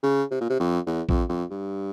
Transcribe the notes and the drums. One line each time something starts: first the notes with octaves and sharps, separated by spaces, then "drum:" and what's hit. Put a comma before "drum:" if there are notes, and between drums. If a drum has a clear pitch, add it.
C#3
C3
A#2
C3
F2
E2
F2, drum: kick
F2
G2